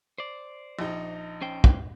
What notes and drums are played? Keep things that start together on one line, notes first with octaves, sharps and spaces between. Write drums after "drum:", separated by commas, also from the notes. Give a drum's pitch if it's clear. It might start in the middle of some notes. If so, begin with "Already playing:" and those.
C5 D5
A#1 D#4
C#4 C5 G5
drum: kick